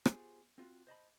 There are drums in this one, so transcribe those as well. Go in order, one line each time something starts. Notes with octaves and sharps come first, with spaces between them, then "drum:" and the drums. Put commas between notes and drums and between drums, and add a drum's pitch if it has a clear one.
B3 F4 G4 G#4 C5 C#5, drum: rim click
C4 F4 F#4
C5 D#5 A5 B5